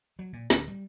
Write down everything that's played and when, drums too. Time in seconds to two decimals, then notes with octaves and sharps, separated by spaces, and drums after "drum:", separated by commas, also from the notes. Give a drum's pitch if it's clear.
0.19 F#3
0.33 A#2
0.50 D1, drum: snare
0.68 G3